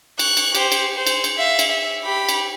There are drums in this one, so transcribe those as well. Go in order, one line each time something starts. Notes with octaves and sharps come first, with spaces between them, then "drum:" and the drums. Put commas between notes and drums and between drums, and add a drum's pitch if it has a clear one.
C#6 F#6, drum: cymbal
drum: cymbal
G4 C5, drum: cymbal
drum: cymbal
C5
drum: cymbal
drum: cymbal
E5 F5
drum: cymbal
E5
G4 B5
drum: cymbal